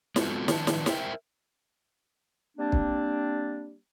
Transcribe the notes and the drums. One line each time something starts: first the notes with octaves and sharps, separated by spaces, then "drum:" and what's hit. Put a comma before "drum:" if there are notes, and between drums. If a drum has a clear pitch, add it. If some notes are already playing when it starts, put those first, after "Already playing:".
G#3 B3 C4 F4 F#4 A4, drum: snare
D#3 F3 D4 B4 A5, drum: snare
drum: snare
A#4 C5 D#5 E5 G5, drum: snare
G3 A#3 C4 D4
drum: kick